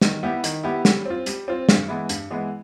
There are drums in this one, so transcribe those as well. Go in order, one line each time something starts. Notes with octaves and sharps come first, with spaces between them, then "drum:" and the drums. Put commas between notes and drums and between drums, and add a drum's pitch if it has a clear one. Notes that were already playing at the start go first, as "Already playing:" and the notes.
D#3, drum: snare
G3 B3 E4 G4
D#3, drum: hi-hat
G3 B3 E4 G4
G3, drum: snare
C4 F4
G3, drum: hi-hat
C4 F4
G2, drum: snare
E3 G#3 B3 E4
G2, drum: hi-hat
E3 G#3 B3 E4